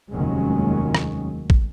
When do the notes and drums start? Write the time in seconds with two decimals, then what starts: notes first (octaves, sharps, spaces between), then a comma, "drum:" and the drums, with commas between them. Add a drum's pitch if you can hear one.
0.12 F1 D#2 D#3 F#3 G#3 C#4
0.95 drum: rim click
1.50 drum: kick